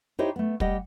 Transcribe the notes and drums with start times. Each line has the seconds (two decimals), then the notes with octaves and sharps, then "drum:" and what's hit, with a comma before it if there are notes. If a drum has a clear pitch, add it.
0.19 D#4 E4 G4 C5 C#5 D#5
0.36 A3 B3
0.60 G3 G4 D#5 F#5, drum: kick